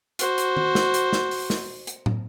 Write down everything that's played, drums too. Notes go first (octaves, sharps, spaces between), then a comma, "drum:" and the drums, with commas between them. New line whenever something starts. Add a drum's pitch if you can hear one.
F#4 C5, drum: hi-hat
drum: hi-hat
drum: tom D#3
drum: snare
drum: hi-hat
drum: snare
drum: open hi-hat
drum: snare
drum: hi-hat
drum: tom